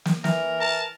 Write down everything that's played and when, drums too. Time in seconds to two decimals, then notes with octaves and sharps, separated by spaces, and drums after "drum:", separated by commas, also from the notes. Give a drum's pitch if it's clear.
0.05 drum: snare
0.24 E3 A#4, drum: snare
0.61 A#4 A5